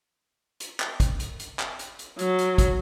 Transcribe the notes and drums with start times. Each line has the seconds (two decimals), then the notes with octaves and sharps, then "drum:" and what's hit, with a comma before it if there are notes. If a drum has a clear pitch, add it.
0.60 drum: hi-hat
0.80 drum: clap
1.00 drum: kick, hi-hat
1.20 drum: hi-hat
1.39 drum: hi-hat
1.59 drum: clap
1.79 drum: hi-hat
1.99 drum: hi-hat
2.19 F#3, drum: hi-hat
2.39 drum: hi-hat
2.58 drum: kick, hi-hat